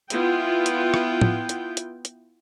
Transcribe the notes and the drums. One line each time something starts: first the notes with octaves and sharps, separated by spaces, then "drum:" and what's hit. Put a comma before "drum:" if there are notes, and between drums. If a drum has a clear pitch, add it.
B3 E4 F4 G5, drum: hi-hat
drum: hi-hat
drum: rim click
drum: tom A2
drum: hi-hat
drum: hi-hat
drum: hi-hat